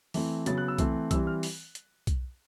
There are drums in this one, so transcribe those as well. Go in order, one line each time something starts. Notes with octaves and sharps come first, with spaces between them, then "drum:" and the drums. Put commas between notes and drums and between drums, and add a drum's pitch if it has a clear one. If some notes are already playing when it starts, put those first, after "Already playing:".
E3 A3 C4, drum: open hi-hat
C#3 F#3 B3 A6, drum: hi-hat
F#6
E6
E3 A3 C4, drum: kick B1, hi-hat
E3 G3 C4 E6, drum: kick B1, hi-hat
F6
drum: open hi-hat
drum: hi-hat
drum: kick B1, hi-hat